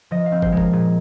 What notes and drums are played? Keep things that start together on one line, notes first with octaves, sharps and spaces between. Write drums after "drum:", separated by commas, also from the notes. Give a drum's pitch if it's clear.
F3 D#5
F5
C4
C5, drum: kick
G#3
A#4, drum: kick
A#2 G#4